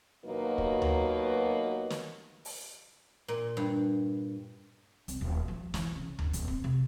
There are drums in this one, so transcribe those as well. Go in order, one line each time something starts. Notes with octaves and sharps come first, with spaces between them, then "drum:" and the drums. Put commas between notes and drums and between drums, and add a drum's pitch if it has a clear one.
D#2 B2 F#3 A#3 D#4 B4
drum: kick
drum: tom D2
drum: snare
drum: open hi-hat
A#2
G2
C2, drum: hi-hat
D#1
F3
E3, drum: snare
C#3
G1, drum: tom D2
D#1, drum: hi-hat
C4, drum: kick
C3